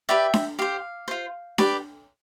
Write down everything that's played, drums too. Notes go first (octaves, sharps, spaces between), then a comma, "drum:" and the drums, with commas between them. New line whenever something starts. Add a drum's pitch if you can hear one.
G4 B4 D5 E5 G5
drum: snare D4
G4 C5 F5
F4 C5
G4 B4 D5, drum: snare D4